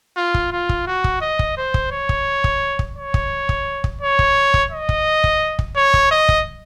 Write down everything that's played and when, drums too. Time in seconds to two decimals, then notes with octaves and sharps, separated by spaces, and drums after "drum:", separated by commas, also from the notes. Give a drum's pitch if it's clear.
0.17 F4
0.34 drum: kick
0.52 F4
0.69 drum: kick
0.87 F#4
1.04 drum: kick
1.21 D#5
1.39 drum: kick
1.57 C5
1.74 drum: kick
1.91 C#5
2.09 drum: kick
2.44 drum: kick
2.79 drum: kick
2.96 C#5
3.14 drum: kick
3.49 drum: kick
3.84 drum: kick
4.01 C#5
4.19 drum: kick
4.54 drum: kick
4.71 D#5
4.89 drum: kick
5.24 drum: kick
5.59 drum: kick
5.76 C#5
5.94 drum: kick
6.11 D#5
6.29 drum: kick